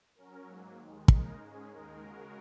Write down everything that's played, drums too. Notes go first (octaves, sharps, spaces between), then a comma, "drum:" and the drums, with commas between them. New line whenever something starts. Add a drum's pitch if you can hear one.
F#3 C#4 A#4
G#2 F#3 A#3
D#2 D#3 G#3
C#3 G#3 D#4 A#4, drum: kick
G#2 G#3 C#4 G#4
D#2 D#3 G#3 D#4 A#4
C#3 G#3 F#4 A#4